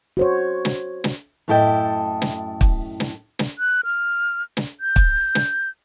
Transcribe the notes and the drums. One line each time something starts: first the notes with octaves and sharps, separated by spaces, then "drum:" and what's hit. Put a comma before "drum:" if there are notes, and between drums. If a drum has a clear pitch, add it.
F#4 C5 C#5
drum: snare
drum: snare
F#2 A2 E4 A4 D#5 G5
drum: snare
drum: kick
drum: snare
drum: snare
F#6
F6
drum: snare
G6
drum: kick
drum: snare